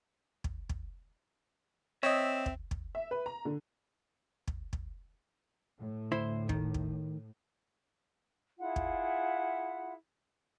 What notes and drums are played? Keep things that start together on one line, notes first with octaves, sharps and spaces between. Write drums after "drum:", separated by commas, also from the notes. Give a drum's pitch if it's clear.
drum: kick
drum: kick
C4 C#5 D#5 E5
drum: kick
drum: kick
E5
B4
A#5
D3
drum: kick
drum: kick
A2
D2 E4 C5
D#3, drum: kick
drum: kick
E4 F4 G#4 F#5
drum: kick